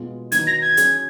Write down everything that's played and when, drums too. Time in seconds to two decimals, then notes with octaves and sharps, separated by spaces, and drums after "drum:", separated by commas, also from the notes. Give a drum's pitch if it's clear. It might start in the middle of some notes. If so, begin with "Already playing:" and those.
Already playing: B2 G#3 B3 F4
0.32 D#3 F#3 B3 D#4 F#4 G#6, drum: hi-hat
0.47 A#6
0.62 G#6
0.77 F#3 C#4 G#4, drum: hi-hat